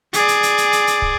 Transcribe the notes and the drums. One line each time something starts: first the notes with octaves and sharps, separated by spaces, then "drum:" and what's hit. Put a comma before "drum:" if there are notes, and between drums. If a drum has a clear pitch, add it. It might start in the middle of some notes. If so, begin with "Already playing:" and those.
G#4 D5, drum: hi-hat
drum: hi-hat
drum: hi-hat
drum: hi-hat
drum: hi-hat
drum: hi-hat
drum: kick